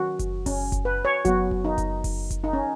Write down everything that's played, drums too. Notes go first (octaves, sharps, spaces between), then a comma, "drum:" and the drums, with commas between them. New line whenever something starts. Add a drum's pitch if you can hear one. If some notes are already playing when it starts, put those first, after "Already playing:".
Already playing: D#3 F#3 C#4 F#4
drum: kick F#1, hi-hat
C#4, drum: kick F#1, open hi-hat
drum: kick F#1, hi-hat
B4
C#5
F#3 B3 F#4, drum: kick F#1, hi-hat
drum: kick F#1
D#4
drum: kick F#1, hi-hat
drum: kick F#1, open hi-hat
drum: kick F#1, hi-hat
D#4
C#4